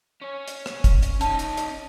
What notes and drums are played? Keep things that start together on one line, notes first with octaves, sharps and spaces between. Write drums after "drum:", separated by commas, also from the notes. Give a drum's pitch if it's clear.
C#4 C#5
drum: hi-hat
drum: rim click
drum: kick, hi-hat
drum: hi-hat
C#4 D#4 A5, drum: hi-hat
drum: hi-hat
drum: hi-hat